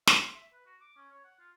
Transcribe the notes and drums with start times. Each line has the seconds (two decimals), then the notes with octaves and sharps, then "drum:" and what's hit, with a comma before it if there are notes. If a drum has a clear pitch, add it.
0.07 E5, drum: snare
0.23 C6
0.36 E5
0.53 B4
0.66 F#4
0.81 D6
0.97 C#4
1.11 C#5
1.25 F#5
1.39 F4